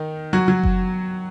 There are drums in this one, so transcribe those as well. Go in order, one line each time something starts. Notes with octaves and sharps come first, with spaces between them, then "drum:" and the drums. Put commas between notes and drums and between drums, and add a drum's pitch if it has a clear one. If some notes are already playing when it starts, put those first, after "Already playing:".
Already playing: D#3 D#4
F#3 F#4
F#3 F#4
drum: kick F#1